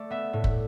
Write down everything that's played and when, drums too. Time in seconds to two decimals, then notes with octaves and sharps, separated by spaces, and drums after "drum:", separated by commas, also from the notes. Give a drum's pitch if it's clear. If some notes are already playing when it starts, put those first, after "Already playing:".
Already playing: A3 D5
0.10 B3 E5
0.33 A2
0.44 drum: kick F#1